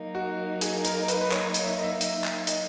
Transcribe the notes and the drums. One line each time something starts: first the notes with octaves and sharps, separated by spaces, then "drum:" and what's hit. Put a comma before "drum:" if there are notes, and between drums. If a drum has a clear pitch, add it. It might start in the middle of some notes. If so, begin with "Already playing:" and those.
Already playing: F#3 A#3 D#4
F#4
G#4, drum: hi-hat
A#4, drum: hi-hat
A#4
B4, drum: hi-hat
B4
C#5, drum: clap
drum: hi-hat
E5
D#5
E5
drum: hi-hat
drum: clap
D#5, drum: hi-hat